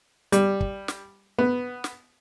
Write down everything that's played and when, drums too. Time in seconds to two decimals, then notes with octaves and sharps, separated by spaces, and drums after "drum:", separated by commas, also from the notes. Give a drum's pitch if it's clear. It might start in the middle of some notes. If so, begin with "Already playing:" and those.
0.32 G3, drum: hi-hat
0.61 drum: kick
0.88 drum: snare
1.39 B3
1.84 drum: snare